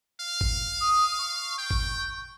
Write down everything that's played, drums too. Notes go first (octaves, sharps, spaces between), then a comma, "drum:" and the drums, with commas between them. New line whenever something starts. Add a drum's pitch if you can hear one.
F5
drum: kick G#1
D#6
C#6
G5
drum: kick G#1